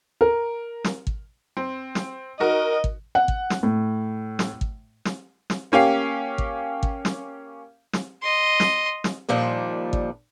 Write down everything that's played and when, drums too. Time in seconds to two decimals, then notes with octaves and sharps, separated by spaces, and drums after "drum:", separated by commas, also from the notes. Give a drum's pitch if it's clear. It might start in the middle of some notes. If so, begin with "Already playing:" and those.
0.21 A#4
0.84 drum: snare
1.07 drum: kick
1.57 C4
1.95 drum: snare
2.40 D#4 F#4 A#4 D#5
2.84 drum: kick
3.15 F#5
3.28 drum: kick
3.50 drum: snare
3.63 A2
4.39 drum: snare
4.61 drum: kick
5.05 drum: snare
5.50 drum: snare
5.72 A#3 C#4 G4 F5
6.38 drum: kick
6.83 drum: kick
7.05 drum: snare
7.93 drum: snare
8.22 D#5 C6
8.60 drum: snare
9.04 drum: snare
9.29 D#2 A#2 F3 G3 D4
9.93 drum: kick